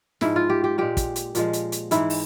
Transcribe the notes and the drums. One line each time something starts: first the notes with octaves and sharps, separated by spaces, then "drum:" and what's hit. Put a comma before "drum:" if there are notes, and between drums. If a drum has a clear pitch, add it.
G#2 F3 G#3 E4, drum: snare
F4
G4
G4
A#2 G#3 G4
drum: kick, hi-hat
drum: hi-hat
A#2 F3 G#3, drum: hi-hat
drum: hi-hat
drum: hi-hat
G#2 E3 G#3 E4, drum: hi-hat
drum: open hi-hat